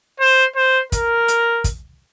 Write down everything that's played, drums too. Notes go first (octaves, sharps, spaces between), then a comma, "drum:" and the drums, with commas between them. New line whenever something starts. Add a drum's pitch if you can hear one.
C5
C5
A#4, drum: kick, hi-hat
drum: hi-hat
drum: kick, hi-hat